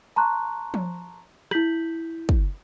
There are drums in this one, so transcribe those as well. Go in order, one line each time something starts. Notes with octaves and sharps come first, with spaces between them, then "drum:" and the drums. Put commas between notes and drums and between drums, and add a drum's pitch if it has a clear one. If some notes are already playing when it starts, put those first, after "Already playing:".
A5 A#5 C6 C#6 F#6
drum: tom F3
E4 G6 B6 F#7, drum: rim click
drum: kick